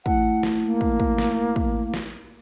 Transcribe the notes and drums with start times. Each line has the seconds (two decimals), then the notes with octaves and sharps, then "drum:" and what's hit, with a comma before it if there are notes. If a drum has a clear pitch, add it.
0.06 A3 E4 F#5, drum: kick
0.43 drum: snare
0.63 A#3
0.81 drum: kick
1.00 drum: kick
1.18 drum: snare
1.56 drum: kick
1.94 drum: snare